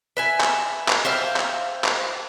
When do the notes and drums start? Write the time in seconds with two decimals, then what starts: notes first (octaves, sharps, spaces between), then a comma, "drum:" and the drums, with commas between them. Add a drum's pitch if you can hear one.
0.17 B4 E5 G#5
0.41 drum: clap
0.89 drum: clap
1.05 C5 E5 F5 G5
1.36 drum: clap
1.84 drum: clap